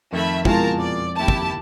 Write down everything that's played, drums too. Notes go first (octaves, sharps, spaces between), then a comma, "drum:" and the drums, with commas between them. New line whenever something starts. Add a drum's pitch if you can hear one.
F2 D#3 A3 E5 B5
B2 G#3 E4 F4 G#4 A#4 A5 A#5, drum: kick
D5
D#2 E4 G4 A5
drum: kick